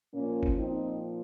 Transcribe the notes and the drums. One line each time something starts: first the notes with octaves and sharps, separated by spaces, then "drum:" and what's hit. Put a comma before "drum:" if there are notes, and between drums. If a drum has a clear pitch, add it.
A#2 F3 A#3 C#4
drum: kick G1
C4 D#4